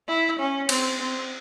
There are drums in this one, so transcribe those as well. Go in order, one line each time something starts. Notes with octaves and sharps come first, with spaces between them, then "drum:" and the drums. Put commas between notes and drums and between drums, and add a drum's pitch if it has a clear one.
E4
C#4
C4, drum: cymbal
C4